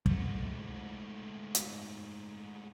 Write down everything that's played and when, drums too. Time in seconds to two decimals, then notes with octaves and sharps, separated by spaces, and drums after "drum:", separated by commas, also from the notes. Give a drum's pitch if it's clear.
0.06 G#2 A3, drum: kick
1.55 drum: hi-hat